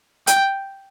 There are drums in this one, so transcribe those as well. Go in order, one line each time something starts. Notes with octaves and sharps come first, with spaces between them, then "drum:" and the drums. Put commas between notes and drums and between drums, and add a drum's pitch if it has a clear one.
G5, drum: hi-hat